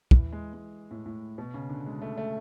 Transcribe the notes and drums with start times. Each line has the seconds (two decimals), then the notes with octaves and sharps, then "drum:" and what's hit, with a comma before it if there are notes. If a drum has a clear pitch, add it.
0.11 E3, drum: kick
0.32 G#3
0.53 G#3
0.91 A2
1.06 A2
1.38 B2
1.54 C#3
1.69 D3
1.86 G#3
2.02 A3
2.17 A3